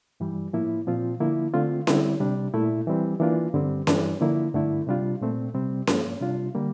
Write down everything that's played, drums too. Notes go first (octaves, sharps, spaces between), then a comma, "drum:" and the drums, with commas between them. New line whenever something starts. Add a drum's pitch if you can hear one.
G2 E3 G3
A2 F3 A#3 E4
A#2 F3 C4 F4
D3 F3 A#3 E4
D3 A3 C4 F4
D3 G3 C4 E4, drum: snare C#4
C3 G3 D4
A#2 A3 E4
E3 G3 C4
E3 A#3 D4 F4
G2 D3 G3 C4
G2 E3 G3 D4, drum: snare C#4
D3 F3 A#3 E4
G2 D3 A3 E4
C3 G3 D4 F4
A#2 A3 C4
C3 G3 C4
G2 F3 A#3, drum: snare C#4
C3 G3 D4 F4
D3 G3 A#3